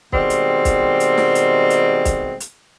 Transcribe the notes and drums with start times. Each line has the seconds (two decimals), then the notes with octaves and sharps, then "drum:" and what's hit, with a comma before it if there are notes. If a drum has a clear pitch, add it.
0.12 B2 D#3 G3 G#3 C4, drum: kick
0.30 drum: hi-hat
0.65 drum: kick, hi-hat
1.00 drum: hi-hat
1.18 drum: snare
1.35 drum: hi-hat
1.70 drum: hi-hat
2.05 drum: kick, hi-hat
2.40 drum: hi-hat